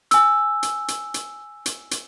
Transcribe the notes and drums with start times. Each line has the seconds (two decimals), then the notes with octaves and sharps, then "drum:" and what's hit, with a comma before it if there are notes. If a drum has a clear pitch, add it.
0.11 G#5 E6, drum: hi-hat
0.63 drum: hi-hat
0.88 drum: hi-hat
1.14 drum: hi-hat
1.66 drum: hi-hat
1.91 drum: hi-hat